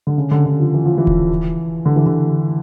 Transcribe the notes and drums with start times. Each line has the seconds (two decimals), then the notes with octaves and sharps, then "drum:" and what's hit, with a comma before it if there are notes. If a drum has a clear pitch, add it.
0.07 D3
0.18 C#3
0.31 D3
0.46 D3
0.60 F3
0.74 E3
0.86 F3
0.98 E3
1.07 drum: kick D#1
1.86 D3
1.96 E3
2.06 D3